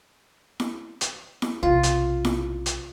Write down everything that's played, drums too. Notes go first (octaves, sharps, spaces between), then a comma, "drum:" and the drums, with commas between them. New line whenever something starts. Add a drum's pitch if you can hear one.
drum: snare E4
drum: hi-hat
drum: snare E4
B1 C3 F4
drum: hi-hat
drum: snare E4
drum: hi-hat